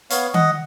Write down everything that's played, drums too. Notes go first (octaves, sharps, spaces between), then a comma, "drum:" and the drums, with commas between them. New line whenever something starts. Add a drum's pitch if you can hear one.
B3 C#5 F5, drum: hi-hat
D#5 F#5, drum: tom D#3